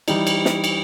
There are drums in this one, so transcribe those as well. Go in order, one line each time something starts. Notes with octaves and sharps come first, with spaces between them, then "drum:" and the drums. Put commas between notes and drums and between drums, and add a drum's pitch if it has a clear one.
E3 G3 D#4, drum: cymbal
drum: cymbal
drum: snare
drum: cymbal